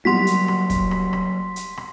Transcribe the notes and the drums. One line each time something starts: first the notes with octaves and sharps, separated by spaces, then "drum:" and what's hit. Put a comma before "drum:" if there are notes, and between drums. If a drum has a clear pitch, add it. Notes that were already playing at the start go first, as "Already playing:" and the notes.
F#3 G3 A#3 F#4 C6 B6
drum: hi-hat
drum: rim click
drum: kick, hi-hat
drum: rim click
drum: rim click
drum: hi-hat
drum: rim click